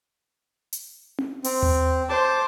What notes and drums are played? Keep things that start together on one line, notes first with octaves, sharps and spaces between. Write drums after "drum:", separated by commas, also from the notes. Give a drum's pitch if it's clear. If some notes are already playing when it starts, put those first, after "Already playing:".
drum: hi-hat
drum: tom C4
C4, drum: open hi-hat
drum: tom D#2
C5 A5 D6